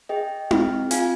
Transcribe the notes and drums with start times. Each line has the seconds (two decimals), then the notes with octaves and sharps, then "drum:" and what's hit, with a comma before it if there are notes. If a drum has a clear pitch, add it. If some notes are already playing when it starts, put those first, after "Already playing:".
0.09 G#4 D#5 G5
0.51 C4, drum: tom D#4
0.91 F4 F5 G#5, drum: hi-hat